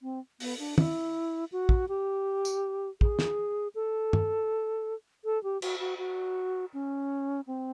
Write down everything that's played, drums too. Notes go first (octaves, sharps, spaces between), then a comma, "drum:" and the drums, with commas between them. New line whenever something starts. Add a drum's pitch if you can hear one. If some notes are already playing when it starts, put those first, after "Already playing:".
C4
B3, drum: open hi-hat
D4
E4, drum: tom
F#4
drum: kick
G4
drum: tambourine
G#4, drum: kick
drum: snare
A4
drum: tom
A4
G4
F#4, drum: cymbal
F#4
F#4
C#4
C4